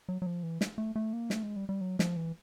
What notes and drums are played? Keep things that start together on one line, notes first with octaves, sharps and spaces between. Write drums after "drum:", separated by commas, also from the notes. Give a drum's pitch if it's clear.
F#3
F#3
F3
E3
drum: snare
A3
A3
A#3
A3, drum: snare
G#3
G3
G3
F#3
F3, drum: snare
E3